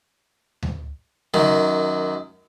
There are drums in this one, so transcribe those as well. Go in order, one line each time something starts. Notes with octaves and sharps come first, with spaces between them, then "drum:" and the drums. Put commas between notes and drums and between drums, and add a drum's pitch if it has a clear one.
drum: tom D2
F#2 D#3, drum: tom C#3